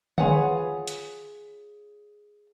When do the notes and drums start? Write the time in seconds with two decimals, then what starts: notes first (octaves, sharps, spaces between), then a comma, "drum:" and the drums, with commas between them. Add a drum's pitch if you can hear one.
0.18 F4 G#4 B4 C#5 F#5, drum: tom D3
0.87 drum: hi-hat